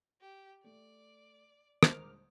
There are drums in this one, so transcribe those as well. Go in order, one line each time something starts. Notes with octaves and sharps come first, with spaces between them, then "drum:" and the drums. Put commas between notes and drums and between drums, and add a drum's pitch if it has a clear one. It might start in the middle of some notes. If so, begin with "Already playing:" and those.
G4
A3 D5
D#1 D3 G#3 A#4 D6 F6, drum: rim click